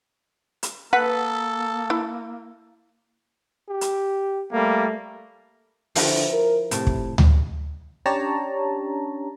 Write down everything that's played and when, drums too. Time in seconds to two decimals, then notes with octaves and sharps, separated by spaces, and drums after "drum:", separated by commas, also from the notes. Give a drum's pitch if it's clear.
0.63 drum: hi-hat
0.93 A#3 A4 B4 F#5
1.90 E4
3.69 G4
3.81 drum: hi-hat
4.52 G3 A3 A#3
5.95 D3 F3 E4 B4, drum: open hi-hat
6.33 A#4
6.71 A2 C3, drum: hi-hat
6.87 drum: kick
7.18 drum: tom D2
8.06 C#4 D4 G4 C#5 A5 A#5